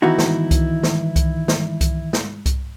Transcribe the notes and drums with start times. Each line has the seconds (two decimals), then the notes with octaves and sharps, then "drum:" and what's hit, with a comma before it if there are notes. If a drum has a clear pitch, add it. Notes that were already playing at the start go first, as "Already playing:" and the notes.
0.02 D#3 E3 B3 D#4 E4 F#4
0.18 drum: snare
0.51 drum: kick C2, hi-hat
0.83 drum: snare
1.16 drum: kick C2, hi-hat
1.48 drum: snare
1.81 drum: kick C2, hi-hat
2.13 drum: snare
2.46 drum: kick C2, hi-hat